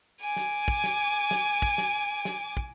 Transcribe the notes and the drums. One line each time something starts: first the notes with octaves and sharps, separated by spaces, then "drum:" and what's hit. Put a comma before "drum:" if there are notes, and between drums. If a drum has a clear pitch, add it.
G#5 D6
drum: snare
drum: kick
drum: snare
drum: snare
drum: kick
drum: snare
drum: snare
drum: kick